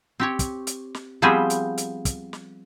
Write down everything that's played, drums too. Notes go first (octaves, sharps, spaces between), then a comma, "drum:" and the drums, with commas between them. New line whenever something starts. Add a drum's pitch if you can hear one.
C4 G4 C#5
drum: kick, hi-hat
drum: hi-hat
drum: snare
F3 G3 B3 C4 G#4 C5
drum: hi-hat
drum: hi-hat
drum: kick, hi-hat
drum: snare